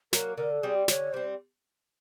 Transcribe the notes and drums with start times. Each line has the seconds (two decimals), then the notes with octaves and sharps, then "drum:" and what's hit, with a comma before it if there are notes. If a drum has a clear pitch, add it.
0.13 F#3 A#3 A#4, drum: snare
0.37 D3 A#4
0.51 A4
0.62 G3 C4 G#4
0.75 G4
0.88 D3 C#5, drum: snare
1.13 G3 C4 C5